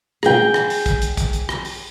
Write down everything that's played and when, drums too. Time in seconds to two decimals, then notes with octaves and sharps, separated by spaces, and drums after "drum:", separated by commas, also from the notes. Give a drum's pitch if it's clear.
0.23 G#4 G5, drum: rim click
0.54 drum: rim click
0.70 drum: open hi-hat
0.86 drum: kick, hi-hat
1.02 drum: hi-hat
1.17 drum: kick, hi-hat
1.33 drum: hi-hat
1.49 drum: rim click
1.65 drum: open hi-hat